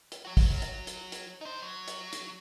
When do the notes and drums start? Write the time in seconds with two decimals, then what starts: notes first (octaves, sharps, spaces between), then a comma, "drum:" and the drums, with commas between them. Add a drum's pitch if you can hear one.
0.12 drum: hi-hat
0.25 F#4 C#5
0.37 drum: kick, open hi-hat
0.62 drum: hi-hat
0.87 drum: hi-hat
1.12 drum: hi-hat
1.41 D#4 C5
1.62 F#3
1.88 drum: hi-hat
2.13 drum: hi-hat